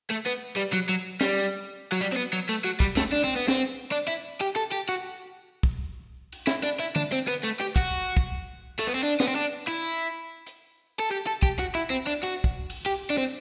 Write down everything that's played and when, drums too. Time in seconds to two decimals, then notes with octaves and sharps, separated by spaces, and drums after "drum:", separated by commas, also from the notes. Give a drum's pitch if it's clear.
0.10 A3
0.26 B3
0.57 G3
0.73 F#3
0.89 F#3
1.21 G3, drum: snare
1.92 F#3
2.01 G3
2.12 C4
2.16 B3
2.33 F#3
2.49 A3, drum: tambourine
2.65 F#3
2.80 G3, drum: kick
2.97 A3, drum: snare
3.13 D4
3.25 C4
3.36 B3
3.48 C4, drum: snare
3.92 D4
4.08 E4
4.41 G4, drum: hi-hat
4.56 A4
4.72 G4
4.89 F#4
5.63 drum: kick
6.32 drum: cymbal
6.47 E4, drum: snare
6.63 D4
6.80 E4
6.96 D4, drum: tom D3
7.12 C4
7.28 B3
7.43 A3
7.60 G4
7.76 F#4, drum: kick
8.17 drum: kick
8.80 A3
8.88 B3
8.95 C4
9.03 D4
9.20 B3, drum: snare
9.28 C4
9.35 D4
9.67 E4
10.47 drum: hi-hat
10.99 A4
11.11 G4
11.27 A4
11.42 G4, drum: kick
11.59 F#4
11.75 E4
11.90 C4
12.06 D4
12.23 F#4
12.44 drum: kick
12.70 drum: cymbal
12.86 G4
13.10 D4
13.18 C4